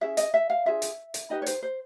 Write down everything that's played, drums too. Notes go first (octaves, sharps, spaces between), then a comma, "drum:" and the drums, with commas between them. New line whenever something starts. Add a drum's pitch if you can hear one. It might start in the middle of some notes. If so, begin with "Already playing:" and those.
C#4 E4 G#4 E5
D#5, drum: hi-hat
E5
F5
D4 F4 G#4 E5
drum: hi-hat
drum: hi-hat
D#4 G4 B4 D#5
C#5
C5, drum: hi-hat
C5